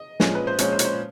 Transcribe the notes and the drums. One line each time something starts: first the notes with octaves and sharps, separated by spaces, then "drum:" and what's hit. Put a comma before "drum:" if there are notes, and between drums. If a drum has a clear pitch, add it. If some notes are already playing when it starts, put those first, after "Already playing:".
Already playing: D#5
A#2 F3 G#3 C#4, drum: snare
B4
C5
A#2 F3 G#3 C#4 C#5, drum: hi-hat
C5
C#5, drum: hi-hat
C5